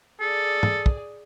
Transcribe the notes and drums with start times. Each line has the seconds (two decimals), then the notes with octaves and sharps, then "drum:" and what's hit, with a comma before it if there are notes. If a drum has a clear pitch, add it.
0.20 G#4 A4 D5
0.63 drum: tom
0.86 drum: kick